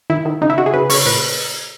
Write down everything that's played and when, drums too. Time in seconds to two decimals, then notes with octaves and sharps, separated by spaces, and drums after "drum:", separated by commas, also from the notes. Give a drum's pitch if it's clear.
0.10 D#3 E4
0.25 D#3
0.42 C#3 D#4
0.50 E4
0.57 C#3 F#4
0.66 G#4
0.74 C#3 B4
0.90 C#3 C#5, drum: open hi-hat
1.06 A#2 B4